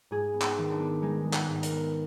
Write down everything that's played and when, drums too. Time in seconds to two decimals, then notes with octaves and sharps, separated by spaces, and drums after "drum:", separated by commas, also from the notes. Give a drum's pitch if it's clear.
0.11 G#2 G#4
0.34 B3
0.41 D#4, drum: clap
0.58 D#3
0.72 D4
0.79 B3
1.02 G#3 D#4
1.25 G#3
1.33 D#4, drum: clap
1.48 G#2
1.63 A#4, drum: hi-hat
1.71 B3